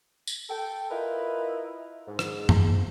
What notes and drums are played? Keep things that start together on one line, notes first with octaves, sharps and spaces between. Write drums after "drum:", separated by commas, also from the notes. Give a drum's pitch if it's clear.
drum: tambourine
A4 G5
E4 F4 A#4 B4 D#5
G#2
drum: rim click
drum: tom F#2